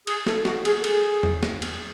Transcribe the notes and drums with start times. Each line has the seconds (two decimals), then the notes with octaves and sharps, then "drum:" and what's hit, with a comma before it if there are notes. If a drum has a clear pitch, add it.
0.07 G#4, drum: cymbal
0.27 A4, drum: snare
0.45 F#4, drum: snare
0.65 G#4, drum: cymbal
0.81 A4
0.84 G#4, drum: cymbal
1.23 drum: tom E2
1.43 drum: snare
1.62 drum: cymbal